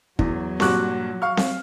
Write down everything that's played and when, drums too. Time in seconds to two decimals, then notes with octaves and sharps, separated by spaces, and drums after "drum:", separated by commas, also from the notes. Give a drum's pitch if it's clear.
0.19 E2 F#3, drum: kick
0.60 G2 A#2 G3 F#4 D6 F#6, drum: snare C4
1.22 F5 C#6 F6
1.37 drum: snare C4